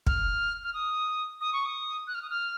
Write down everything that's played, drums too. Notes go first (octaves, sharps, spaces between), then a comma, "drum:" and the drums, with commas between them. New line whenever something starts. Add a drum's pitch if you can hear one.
F6, drum: kick
F6
D#6
D#6
C#6
D#6
F#6
F6
D#6
F6